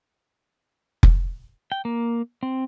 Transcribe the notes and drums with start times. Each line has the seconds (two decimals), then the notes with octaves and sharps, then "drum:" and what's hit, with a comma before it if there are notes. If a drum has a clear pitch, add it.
1.03 drum: kick F1
1.72 G5
1.85 A#3
2.43 C4